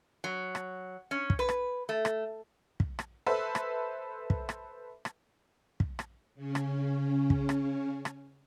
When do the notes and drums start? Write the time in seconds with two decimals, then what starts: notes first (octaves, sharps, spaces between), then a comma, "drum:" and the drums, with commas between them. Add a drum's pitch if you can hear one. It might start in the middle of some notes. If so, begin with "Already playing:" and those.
0.24 F#3
0.55 drum: rim click
1.11 C#4
1.30 drum: kick
1.39 B4
1.49 drum: rim click
1.89 A3
2.05 drum: rim click
2.80 drum: kick
2.99 drum: rim click
3.26 A4 B4 C5 E5
3.55 drum: rim click
4.30 drum: kick
4.49 drum: rim click
5.05 drum: rim click
5.80 drum: kick
5.99 drum: rim click
6.35 C#3 C#4
6.55 drum: rim click
7.30 drum: kick
7.49 drum: rim click
8.05 drum: rim click